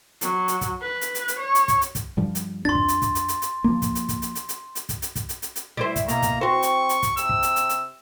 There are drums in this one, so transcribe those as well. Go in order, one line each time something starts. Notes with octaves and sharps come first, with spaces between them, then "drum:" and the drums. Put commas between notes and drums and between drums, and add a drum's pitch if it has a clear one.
F#3, drum: hi-hat
drum: hi-hat
drum: kick, hi-hat
B4
drum: hi-hat
drum: hi-hat
drum: hi-hat
C#5
drum: hi-hat
drum: kick, hi-hat
drum: hi-hat
drum: kick, hi-hat
G2 F3 G3
drum: hi-hat
F2 D4 C6 A6
drum: kick
drum: hi-hat
drum: kick, hi-hat
drum: hi-hat
drum: hi-hat
drum: hi-hat
F3 A#3
drum: kick, hi-hat
drum: hi-hat
drum: kick, hi-hat
drum: hi-hat
drum: hi-hat
drum: hi-hat
drum: hi-hat
drum: kick, hi-hat
drum: hi-hat
drum: kick, hi-hat
drum: hi-hat
drum: hi-hat
drum: hi-hat
G3 E4 C5
drum: kick, hi-hat
B2 A#3 A#5, drum: hi-hat
drum: kick, hi-hat
C4 F#4 C5 C#6
drum: hi-hat
drum: hi-hat
drum: kick, hi-hat
C3 E6, drum: hi-hat
drum: kick
drum: hi-hat
drum: hi-hat
drum: hi-hat